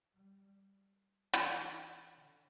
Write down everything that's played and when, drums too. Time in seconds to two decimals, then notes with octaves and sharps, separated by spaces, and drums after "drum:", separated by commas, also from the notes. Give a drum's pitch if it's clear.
0.14 G3
1.33 E3, drum: hi-hat
2.14 D3